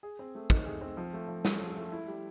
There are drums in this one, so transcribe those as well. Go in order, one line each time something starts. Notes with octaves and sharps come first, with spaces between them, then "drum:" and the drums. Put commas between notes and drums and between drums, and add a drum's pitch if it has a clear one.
G#4
C4
A3
D#4, drum: kick
G#4
C4
F3
A3
F3
C#4, drum: snare
F3
A3
E4
G3